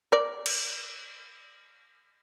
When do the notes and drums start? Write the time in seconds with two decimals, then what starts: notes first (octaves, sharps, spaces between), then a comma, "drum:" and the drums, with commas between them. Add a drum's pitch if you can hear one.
0.12 A#4 D5
0.46 drum: cymbal